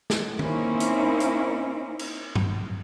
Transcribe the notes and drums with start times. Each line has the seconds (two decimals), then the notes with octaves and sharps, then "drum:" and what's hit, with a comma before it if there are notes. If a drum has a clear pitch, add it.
0.10 drum: snare
0.39 A#3 C4 C#4 D#4 E4, drum: tom
0.80 drum: hi-hat
1.20 drum: hi-hat
1.99 drum: cymbal
2.35 drum: tom